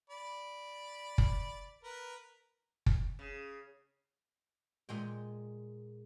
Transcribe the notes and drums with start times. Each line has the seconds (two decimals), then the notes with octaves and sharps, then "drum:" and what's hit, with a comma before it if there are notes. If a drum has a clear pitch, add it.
0.10 D5 B5
1.18 drum: kick
1.83 A#4 B4
2.86 drum: kick
3.19 C#3
4.89 A#2 G#3 G5